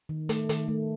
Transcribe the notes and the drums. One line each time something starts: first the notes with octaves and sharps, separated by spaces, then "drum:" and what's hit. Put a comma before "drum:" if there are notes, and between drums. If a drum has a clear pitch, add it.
D#3
A3, drum: hi-hat
D#3, drum: hi-hat
A3